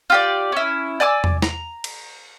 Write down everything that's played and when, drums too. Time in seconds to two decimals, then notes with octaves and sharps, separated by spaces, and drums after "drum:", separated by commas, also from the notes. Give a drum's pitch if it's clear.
0.10 F4 G4 D5
0.52 C#4 E4
1.00 D5 G#5 D6 E6
1.24 drum: tom E2
1.42 A#5, drum: snare
1.84 drum: cymbal